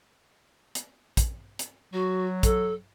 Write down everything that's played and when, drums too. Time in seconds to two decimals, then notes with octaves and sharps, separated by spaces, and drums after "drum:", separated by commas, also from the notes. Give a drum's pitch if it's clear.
0.75 drum: hi-hat
1.17 drum: kick, hi-hat
1.59 drum: hi-hat
1.93 F#3 F#4
2.43 A4, drum: kick, hi-hat